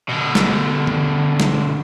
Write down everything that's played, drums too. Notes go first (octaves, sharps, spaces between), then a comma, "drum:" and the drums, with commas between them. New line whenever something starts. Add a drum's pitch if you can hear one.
B2 D3
drum: snare
drum: tom D3
drum: snare